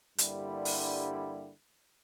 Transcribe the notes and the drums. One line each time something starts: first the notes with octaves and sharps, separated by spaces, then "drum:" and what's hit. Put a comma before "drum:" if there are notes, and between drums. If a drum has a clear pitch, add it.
G2 D3 G3 A#3 E4, drum: hi-hat
drum: open hi-hat